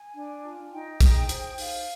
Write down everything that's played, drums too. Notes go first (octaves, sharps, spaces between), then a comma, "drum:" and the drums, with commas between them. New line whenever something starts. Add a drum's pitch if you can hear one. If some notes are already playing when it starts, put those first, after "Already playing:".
Already playing: G#5
D4
F4
D#4 G5
G#4, drum: kick, hi-hat
C5, drum: hi-hat
D#4 F5, drum: open hi-hat